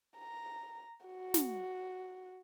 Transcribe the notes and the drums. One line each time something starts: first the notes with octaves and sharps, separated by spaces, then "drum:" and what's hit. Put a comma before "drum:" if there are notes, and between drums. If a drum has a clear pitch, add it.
A#5
F#4
drum: snare